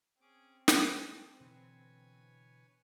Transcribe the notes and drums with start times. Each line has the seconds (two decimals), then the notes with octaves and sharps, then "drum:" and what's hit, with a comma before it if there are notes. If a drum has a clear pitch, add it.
0.21 C4 C#4 G#4 D6
0.68 G4, drum: snare
1.01 F3 A3 G#5 C#6
1.40 B2 D3 E3 B4 C#5 G#5